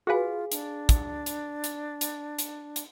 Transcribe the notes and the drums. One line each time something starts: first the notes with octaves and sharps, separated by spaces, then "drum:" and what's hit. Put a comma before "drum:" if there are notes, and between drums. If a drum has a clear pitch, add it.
F4 F#4 G#4 B4 F5 G#5
D4, drum: hi-hat
drum: kick, hi-hat
drum: hi-hat
drum: hi-hat
drum: hi-hat
drum: hi-hat
drum: hi-hat